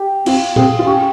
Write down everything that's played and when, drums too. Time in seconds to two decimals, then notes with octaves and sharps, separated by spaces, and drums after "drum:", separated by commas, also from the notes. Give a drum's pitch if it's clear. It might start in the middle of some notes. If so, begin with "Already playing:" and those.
Already playing: G4
0.26 C4 F4, drum: cymbal
0.56 C4 G#4, drum: tom A#2
0.79 F4
0.86 C#4 G4